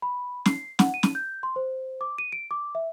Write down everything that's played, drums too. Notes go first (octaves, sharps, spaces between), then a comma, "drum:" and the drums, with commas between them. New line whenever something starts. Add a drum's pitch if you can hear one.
B5
C7, drum: snare
F#5, drum: snare
D#7
drum: snare
G6
C6
C5
D6
D#7
D7
D6
E5